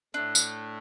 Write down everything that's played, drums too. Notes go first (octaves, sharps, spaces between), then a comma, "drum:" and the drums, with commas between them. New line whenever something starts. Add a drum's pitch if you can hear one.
A2 A3 D4
drum: tambourine